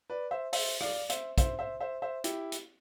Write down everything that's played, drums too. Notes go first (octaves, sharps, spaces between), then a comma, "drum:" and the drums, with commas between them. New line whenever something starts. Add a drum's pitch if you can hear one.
B4 D5
C5 E5
C5 E5, drum: open hi-hat
D5 F5, drum: rim click
C5 E5, drum: hi-hat
C5 E5, drum: kick, hi-hat
C5 E5
C5 E5
C5 E5
E4 G4, drum: hi-hat
drum: hi-hat